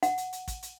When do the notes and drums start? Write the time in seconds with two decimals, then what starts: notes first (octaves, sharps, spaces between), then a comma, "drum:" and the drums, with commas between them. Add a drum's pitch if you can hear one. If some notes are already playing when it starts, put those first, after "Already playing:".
0.03 F#5, drum: hi-hat
0.18 drum: hi-hat
0.33 drum: hi-hat
0.48 drum: kick, hi-hat
0.63 drum: hi-hat